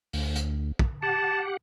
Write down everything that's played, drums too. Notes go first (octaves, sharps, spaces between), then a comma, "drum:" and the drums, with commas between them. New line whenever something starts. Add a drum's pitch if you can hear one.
D2, drum: open hi-hat
drum: hi-hat
drum: kick
G4 F#5 A5